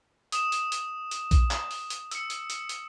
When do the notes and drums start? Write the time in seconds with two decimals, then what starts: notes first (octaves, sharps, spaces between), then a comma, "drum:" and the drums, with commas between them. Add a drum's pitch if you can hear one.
0.32 D#6 E7, drum: hi-hat
0.52 drum: hi-hat
0.72 drum: hi-hat
1.11 drum: hi-hat
1.31 drum: kick A#1, hi-hat
1.51 drum: clap
1.71 drum: open hi-hat
1.90 drum: hi-hat
2.11 E6 C#7, drum: hi-hat
2.30 drum: hi-hat
2.50 drum: hi-hat
2.69 drum: hi-hat